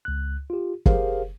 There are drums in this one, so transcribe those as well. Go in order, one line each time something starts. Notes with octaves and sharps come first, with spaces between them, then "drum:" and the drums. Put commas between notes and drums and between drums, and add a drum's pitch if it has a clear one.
C#2 F#6
F4 G4
G4 G#4 A#4 C5 F5, drum: kick